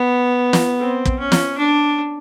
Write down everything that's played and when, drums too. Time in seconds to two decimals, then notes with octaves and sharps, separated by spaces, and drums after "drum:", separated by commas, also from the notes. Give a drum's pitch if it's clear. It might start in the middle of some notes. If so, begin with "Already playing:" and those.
Already playing: B3
0.53 drum: snare
0.80 C4
1.05 drum: kick
1.19 C#4
1.32 drum: snare
1.58 D4